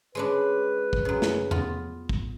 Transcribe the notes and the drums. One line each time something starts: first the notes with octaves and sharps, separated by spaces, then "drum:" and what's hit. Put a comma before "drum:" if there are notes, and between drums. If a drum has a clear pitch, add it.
G#3 C#4 D4 B4
drum: kick
F#2 C#3
drum: snare
B3 F4, drum: tom E2
drum: kick